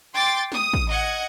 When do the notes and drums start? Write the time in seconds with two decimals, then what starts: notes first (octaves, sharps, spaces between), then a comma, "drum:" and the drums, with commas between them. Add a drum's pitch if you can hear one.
0.14 G5 C6 D6 A6
0.52 D#6, drum: snare
0.73 drum: kick
0.88 D#5 F#5 G#6